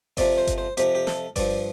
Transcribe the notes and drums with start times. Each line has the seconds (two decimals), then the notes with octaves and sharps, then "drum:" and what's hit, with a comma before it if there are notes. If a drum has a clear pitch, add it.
0.17 F2 C3 F3 D5, drum: kick G1, open hi-hat
0.38 C5
0.47 drum: kick G1, hi-hat
0.58 C5
0.77 F2 C3 F3 G4, drum: hi-hat
0.95 G4
1.07 A4, drum: snare
1.36 G2 F3 D5, drum: kick G1, open hi-hat